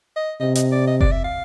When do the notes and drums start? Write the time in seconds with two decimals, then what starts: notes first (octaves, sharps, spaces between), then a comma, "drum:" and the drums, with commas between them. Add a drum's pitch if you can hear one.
0.16 D#5
0.40 C3 D#5
0.55 D#5, drum: hi-hat
0.72 D5
0.87 D#5
1.01 D5, drum: kick F#1
1.12 E5
1.24 F5